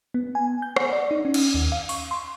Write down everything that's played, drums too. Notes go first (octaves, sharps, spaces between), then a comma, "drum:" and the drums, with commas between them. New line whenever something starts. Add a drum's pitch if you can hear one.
B3
G#5
G6
F#5, drum: rim click
D5
D#4
C#4
drum: cymbal
D#2
F5
C#6, drum: open hi-hat
C6